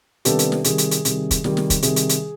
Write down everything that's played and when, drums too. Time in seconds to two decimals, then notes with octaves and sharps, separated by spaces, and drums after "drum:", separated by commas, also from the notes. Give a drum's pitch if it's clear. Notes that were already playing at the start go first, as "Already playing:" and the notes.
0.25 C3 D#3 G3 B3 D4 G4 A4, drum: hi-hat
0.39 drum: hi-hat
0.52 drum: snare
0.64 C3 D#3 G3 G#4, drum: hi-hat
0.78 drum: hi-hat
0.91 drum: hi-hat
1.05 C3 D#3 G3, drum: hi-hat
1.31 drum: kick, hi-hat
1.44 C3 D#3 G3, drum: snare
1.57 drum: snare
1.70 drum: kick, hi-hat
1.82 C3 D#3 G3 G#4, drum: hi-hat
1.96 drum: hi-hat
2.09 drum: hi-hat